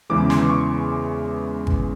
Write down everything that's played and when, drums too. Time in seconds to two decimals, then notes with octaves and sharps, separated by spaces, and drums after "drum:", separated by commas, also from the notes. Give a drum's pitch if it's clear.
0.09 E2 C#3 E3 G#3 D6
0.30 C6, drum: snare
0.50 C#6
1.67 drum: kick G#1